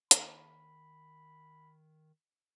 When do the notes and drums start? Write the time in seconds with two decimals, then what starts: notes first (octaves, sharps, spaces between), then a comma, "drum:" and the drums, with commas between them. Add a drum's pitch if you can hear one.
0.11 D#3 A#3 E5 A#5 B5, drum: hi-hat